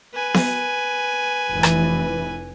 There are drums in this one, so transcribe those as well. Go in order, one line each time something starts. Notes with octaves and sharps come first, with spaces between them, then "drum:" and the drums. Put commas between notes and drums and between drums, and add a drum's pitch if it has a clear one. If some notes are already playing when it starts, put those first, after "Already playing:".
B4 G#5
drum: snare B3
F1 E3
drum: rim click